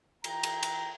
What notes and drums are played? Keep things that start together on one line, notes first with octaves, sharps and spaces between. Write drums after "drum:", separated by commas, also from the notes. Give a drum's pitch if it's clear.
E3 F4 G5 A#5, drum: cymbal
drum: cymbal
drum: cymbal